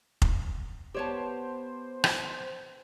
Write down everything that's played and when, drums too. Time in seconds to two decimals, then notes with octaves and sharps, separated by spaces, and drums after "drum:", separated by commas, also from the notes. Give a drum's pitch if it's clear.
0.22 drum: kick F1
0.94 B3 G4 C5 C#5 A5 E7
2.04 drum: rim click